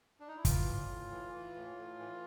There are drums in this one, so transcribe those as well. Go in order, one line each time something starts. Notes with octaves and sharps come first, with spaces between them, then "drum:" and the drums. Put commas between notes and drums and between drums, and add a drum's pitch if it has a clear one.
D4
D#4
E4
E3 F4, drum: kick, hi-hat
A2
A2
E3
E3
A2
A2
E3